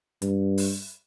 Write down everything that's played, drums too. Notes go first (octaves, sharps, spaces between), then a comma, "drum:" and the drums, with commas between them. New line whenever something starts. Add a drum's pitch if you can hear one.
G2, drum: hi-hat
drum: open hi-hat